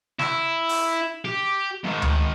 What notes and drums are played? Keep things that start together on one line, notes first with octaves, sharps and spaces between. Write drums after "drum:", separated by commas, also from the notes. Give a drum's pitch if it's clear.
E4, drum: snare
drum: open hi-hat
G4
G#2 D#3
drum: tom D2